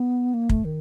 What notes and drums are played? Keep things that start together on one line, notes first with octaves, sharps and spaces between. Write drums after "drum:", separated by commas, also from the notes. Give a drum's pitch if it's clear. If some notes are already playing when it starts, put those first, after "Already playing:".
Already playing: B3
A#3
A3, drum: kick
D#3